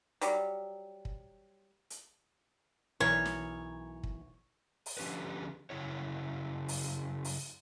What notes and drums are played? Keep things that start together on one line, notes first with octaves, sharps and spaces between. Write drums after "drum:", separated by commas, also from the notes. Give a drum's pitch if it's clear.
F#3 G3, drum: hi-hat
drum: kick
drum: hi-hat
B1 E3 A#4 C#5
drum: snare
drum: kick
drum: open hi-hat
D3 F3 C#4 G4 B4
F#2 C#3 E4 C#5
drum: open hi-hat
drum: open hi-hat